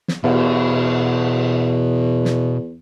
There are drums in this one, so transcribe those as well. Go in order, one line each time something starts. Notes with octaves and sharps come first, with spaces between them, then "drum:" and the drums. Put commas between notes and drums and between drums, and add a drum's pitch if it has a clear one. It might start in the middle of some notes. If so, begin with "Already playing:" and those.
drum: snare
E2 B2, drum: cymbal
drum: snare